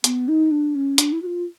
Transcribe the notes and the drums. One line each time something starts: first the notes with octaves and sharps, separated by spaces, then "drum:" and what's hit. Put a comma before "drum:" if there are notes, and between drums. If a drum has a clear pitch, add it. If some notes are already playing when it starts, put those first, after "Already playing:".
B3, drum: hi-hat
D#4
D4
C#4
D4, drum: hi-hat
E4
F#4
F4